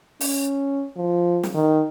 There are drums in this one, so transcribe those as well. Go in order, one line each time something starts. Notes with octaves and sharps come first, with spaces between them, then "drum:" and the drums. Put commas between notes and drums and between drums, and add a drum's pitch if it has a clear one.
C#4, drum: open hi-hat
F3
drum: snare
D#3